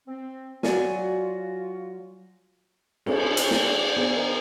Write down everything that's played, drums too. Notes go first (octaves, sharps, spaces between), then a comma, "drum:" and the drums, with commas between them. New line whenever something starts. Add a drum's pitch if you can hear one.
C4
F#3 F4 F#4 D5 G#5, drum: snare
C4 G#4 A4, drum: cymbal
drum: hi-hat
D4, drum: snare
B3 G#4 C5
D#3